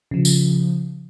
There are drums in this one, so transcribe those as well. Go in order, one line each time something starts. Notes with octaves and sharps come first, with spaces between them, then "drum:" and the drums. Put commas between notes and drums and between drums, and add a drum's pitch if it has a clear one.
C#3 F3
drum: tambourine